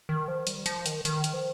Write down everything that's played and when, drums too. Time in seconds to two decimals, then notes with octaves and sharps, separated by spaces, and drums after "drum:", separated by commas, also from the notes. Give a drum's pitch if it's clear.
0.09 D#3
0.28 F3
0.47 G3, drum: hi-hat
0.66 F3, drum: hi-hat
0.86 D#3, drum: hi-hat
1.05 D#3, drum: hi-hat
1.24 drum: hi-hat
1.33 F3